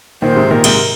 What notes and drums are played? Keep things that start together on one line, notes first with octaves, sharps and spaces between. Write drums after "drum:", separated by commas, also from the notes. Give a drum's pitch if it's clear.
A#2 D#3 C5
G#2 C3
A#2 D#3 A#4
G#2 C3, drum: cymbal